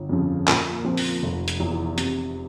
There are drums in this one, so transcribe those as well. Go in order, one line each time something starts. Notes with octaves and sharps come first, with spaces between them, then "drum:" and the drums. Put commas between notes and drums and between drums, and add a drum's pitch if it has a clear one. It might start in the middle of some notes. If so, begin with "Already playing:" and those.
Already playing: G1
F2 C#3 F3
A#2, drum: clap
F3 C4
drum: open hi-hat
F1
drum: hi-hat
E2 E3
C3, drum: hi-hat